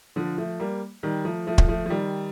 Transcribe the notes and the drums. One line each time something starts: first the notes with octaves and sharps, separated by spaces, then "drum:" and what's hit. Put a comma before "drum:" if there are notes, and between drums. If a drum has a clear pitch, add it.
D3 F3
F3 A3
G3 A#3
D#3 G3
F3 A3
F3 A3
drum: kick
F3 A3
F3
D#3 G3